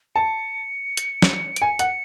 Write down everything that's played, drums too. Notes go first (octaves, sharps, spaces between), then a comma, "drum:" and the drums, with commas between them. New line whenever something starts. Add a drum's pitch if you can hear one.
A5 C#7
drum: hi-hat
drum: snare
D7, drum: hi-hat
G#5 C#7
F#5, drum: hi-hat